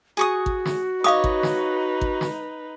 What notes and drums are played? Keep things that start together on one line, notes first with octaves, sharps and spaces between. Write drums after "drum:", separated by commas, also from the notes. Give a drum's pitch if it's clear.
F#4 G#4 C#6 D#6
drum: kick G#1
drum: snare
D#4 B4 C#5 D#5 F5 D6 D#6
drum: kick G#1
drum: snare
drum: kick G#1
drum: snare